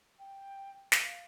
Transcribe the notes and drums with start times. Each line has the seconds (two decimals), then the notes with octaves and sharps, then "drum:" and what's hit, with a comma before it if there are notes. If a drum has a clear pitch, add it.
0.18 G5
0.92 drum: snare
1.01 F5